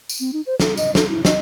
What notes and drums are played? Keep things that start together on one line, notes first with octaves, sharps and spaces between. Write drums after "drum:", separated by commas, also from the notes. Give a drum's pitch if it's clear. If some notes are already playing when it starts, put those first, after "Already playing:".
drum: tambourine
C4
D#4
C5
A4, drum: snare
D#5, drum: tambourine
A4, drum: snare
E4
D#5, drum: snare